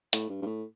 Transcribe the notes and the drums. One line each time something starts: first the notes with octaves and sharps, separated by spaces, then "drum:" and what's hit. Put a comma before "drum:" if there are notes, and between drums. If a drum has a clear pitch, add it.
A2, drum: hi-hat
G2
G2
A2